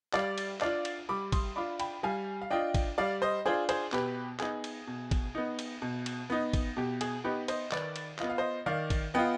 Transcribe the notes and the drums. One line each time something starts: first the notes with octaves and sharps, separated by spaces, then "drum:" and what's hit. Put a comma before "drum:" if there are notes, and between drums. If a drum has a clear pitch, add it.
G3 D5 F5, drum: clap
drum: cymbal
D4 F4 D5 F5, drum: clap
drum: cymbal
G3 B5 D6
C6 D#6, drum: kick, cymbal
D4 F4 B5 D6
G5 B5, drum: cymbal
G3 F5 G#5
F5
D4 F4 D#5 G5
drum: kick, cymbal
G3 D5 F5
C5 D#5
D4 F4 G#4 C5
G#4 C5, drum: cymbal
B2 G4 B4, drum: clap
B3 D#4 G#4, drum: clap
drum: cymbal
B2
drum: kick, cymbal
B3 D#4
drum: cymbal
B2
drum: cymbal
B3 D#4
drum: kick, cymbal
B2 G4
G#4, drum: cymbal
B3 D#4 G4 B4
C5 D#5, drum: cymbal
D#3 B4 D5, drum: clap
drum: cymbal
B3 F4 D#5, drum: clap
F5
C5 D#5
D#3 D5 F5
drum: kick, cymbal
B3 F4 D#5 G5